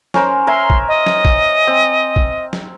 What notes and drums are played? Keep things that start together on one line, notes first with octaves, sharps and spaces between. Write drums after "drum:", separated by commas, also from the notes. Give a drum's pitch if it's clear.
C#4 A#4 C5, drum: snare
A#4 E5 G#5 C6
drum: kick A#1
D#5
drum: snare
drum: kick A#1
C4
drum: kick A#1
drum: snare